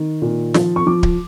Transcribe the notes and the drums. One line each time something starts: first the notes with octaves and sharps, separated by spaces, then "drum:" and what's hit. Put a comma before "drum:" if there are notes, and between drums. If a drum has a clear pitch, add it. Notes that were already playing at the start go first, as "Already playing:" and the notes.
Already playing: D#3
A#2
F3, drum: snare
C#6
F3 D6
drum: kick D1